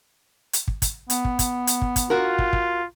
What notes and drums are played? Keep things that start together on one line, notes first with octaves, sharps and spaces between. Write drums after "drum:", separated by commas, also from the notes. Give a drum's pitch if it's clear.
drum: hi-hat
drum: kick
drum: kick, hi-hat
B3, drum: hi-hat
drum: kick
drum: kick, hi-hat
drum: hi-hat
drum: kick
drum: kick, hi-hat
F4 F#4 A#4
drum: kick
drum: kick